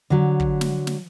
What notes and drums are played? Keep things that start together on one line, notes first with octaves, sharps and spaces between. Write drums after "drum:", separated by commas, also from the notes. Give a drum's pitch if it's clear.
D3 F#3
drum: kick
drum: snare
drum: snare